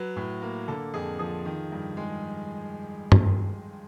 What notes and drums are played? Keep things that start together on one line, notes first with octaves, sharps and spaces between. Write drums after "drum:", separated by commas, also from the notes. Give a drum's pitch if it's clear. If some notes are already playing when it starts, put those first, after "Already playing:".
Already playing: F#3 B4
A2
A#3
D3 A4
F2 G#4
F3 G#4
D#3
G2
G#3
drum: tom